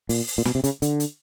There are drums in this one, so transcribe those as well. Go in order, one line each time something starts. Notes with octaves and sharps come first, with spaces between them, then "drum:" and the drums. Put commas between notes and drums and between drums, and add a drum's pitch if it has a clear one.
A#2, drum: open hi-hat
drum: open hi-hat
A#2
B2, drum: snare
C3
C#3, drum: hi-hat
D3, drum: hi-hat
drum: hi-hat